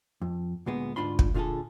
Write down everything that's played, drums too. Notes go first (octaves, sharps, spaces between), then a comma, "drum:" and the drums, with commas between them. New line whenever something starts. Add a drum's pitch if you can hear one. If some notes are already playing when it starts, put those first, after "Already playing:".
F2
D2 A#2 G#3 B3
D2 G#2 D4 F4 B5 C6
drum: kick
A#2 D3 F4 F#4 G#4 A4